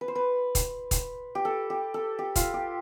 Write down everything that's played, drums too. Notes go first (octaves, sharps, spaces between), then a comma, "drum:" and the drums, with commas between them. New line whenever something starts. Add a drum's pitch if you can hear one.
B4
C5
B4
drum: kick, hi-hat
drum: kick, hi-hat
G4
A4
G4
A4
G4
F4, drum: kick, hi-hat
G4